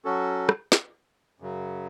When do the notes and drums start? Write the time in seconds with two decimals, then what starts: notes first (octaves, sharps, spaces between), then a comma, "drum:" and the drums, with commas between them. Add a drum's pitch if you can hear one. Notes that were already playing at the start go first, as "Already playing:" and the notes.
0.05 F#3 C#4 F#4 A4
0.49 drum: rim click
0.72 drum: snare
1.40 F#2 C#3 F#3